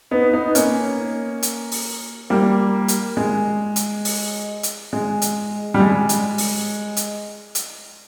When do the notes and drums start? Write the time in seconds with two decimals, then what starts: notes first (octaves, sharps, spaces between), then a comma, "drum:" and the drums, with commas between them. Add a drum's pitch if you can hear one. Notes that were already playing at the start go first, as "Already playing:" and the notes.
0.11 B3 D#4
0.33 B3 D#4
0.55 A#3 C#4, drum: hi-hat
1.43 drum: hi-hat
1.72 drum: open hi-hat
2.30 G3 A#3
2.88 drum: hi-hat
3.17 G#3
3.76 drum: hi-hat
4.05 drum: open hi-hat
4.63 drum: hi-hat
4.93 G#3
5.22 drum: hi-hat
5.74 G3
5.80 G#3
6.09 drum: hi-hat
6.38 drum: open hi-hat
6.97 drum: hi-hat
7.55 drum: hi-hat